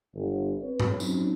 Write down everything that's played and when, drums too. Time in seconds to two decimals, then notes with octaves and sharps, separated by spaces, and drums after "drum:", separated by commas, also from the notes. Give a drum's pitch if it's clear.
0.15 G1
0.62 C4 B4 C#5
0.80 drum: tom G#2
1.00 F3 F#3 C4 C#4 D#4, drum: tambourine